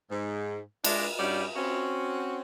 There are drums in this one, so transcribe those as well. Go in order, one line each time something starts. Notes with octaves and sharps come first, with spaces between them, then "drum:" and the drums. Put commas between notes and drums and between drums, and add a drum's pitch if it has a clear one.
G#2
G#3 D4 E4, drum: cymbal
G2 G3 C#4 D#4 F#4 D5
C4 C#4 F#4